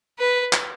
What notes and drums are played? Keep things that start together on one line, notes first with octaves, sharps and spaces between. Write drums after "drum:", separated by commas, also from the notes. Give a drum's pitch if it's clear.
B4
drum: clap